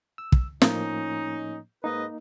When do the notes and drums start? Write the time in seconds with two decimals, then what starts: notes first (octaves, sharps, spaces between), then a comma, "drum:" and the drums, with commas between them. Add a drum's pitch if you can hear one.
0.18 E6
0.32 drum: kick
0.62 A2 F3 A#3 C#4 D#4, drum: snare
1.84 G#2 A#3 D#4 B4 D#5